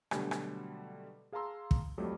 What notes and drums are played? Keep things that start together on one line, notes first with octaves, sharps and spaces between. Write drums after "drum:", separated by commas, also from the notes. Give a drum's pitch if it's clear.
B2 D3 F#3 G3 A3, drum: rim click
drum: rim click
G#4 F5 A5 A#5 C6 E6
drum: kick
F2 F#3 G3 A3